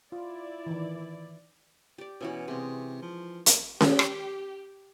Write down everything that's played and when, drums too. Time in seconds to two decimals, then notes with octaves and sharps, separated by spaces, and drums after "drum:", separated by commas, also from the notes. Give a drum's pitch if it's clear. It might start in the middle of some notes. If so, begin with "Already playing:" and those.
0.12 E4 F4 D5
0.66 D#3 E3
1.98 G4 D5
2.21 B2 E3 C#4 F#4
2.48 C3 G#3 C#4
3.02 F3
3.46 A#3, drum: hi-hat
3.81 G4, drum: snare
3.99 drum: rim click